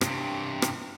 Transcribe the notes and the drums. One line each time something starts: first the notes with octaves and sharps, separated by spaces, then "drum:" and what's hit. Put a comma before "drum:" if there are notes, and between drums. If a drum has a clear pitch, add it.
G2 C3, drum: rim click
drum: rim click